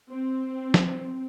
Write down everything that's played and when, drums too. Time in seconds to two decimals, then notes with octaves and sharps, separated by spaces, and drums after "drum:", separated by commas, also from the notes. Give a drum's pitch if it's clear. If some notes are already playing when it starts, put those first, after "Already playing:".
0.11 C4
0.74 drum: snare